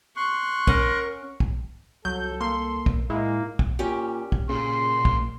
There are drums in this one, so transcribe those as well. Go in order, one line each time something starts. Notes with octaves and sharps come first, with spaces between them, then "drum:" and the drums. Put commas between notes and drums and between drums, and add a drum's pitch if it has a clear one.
C6 C#6 F#6
C#4 A#4 F#5, drum: kick
drum: kick
C2 F#3 A4 G6
A#3 C6
drum: kick
A2 G#3 A#3 E4
drum: kick
A#2 C#4 G4
drum: kick
A#2 C#3 C6
drum: kick